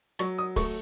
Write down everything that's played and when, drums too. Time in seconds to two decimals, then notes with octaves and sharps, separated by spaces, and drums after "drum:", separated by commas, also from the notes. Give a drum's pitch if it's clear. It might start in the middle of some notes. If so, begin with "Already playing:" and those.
0.19 F#3 C#6, drum: rim click
0.38 D#6
0.56 A3 C#6, drum: kick D1, open hi-hat